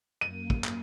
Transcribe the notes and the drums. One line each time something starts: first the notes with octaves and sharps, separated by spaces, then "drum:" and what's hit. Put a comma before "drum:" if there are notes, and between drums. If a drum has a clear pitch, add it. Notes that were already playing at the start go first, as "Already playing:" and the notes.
F#2 A#3 D#7
drum: kick
drum: clap